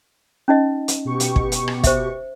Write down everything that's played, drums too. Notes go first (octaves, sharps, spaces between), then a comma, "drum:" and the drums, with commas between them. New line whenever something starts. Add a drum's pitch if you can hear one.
C#4 D#4 D#5
drum: hi-hat
B2 G4 C#6
drum: hi-hat
drum: kick
drum: hi-hat
drum: rim click
C5 E5, drum: kick, hi-hat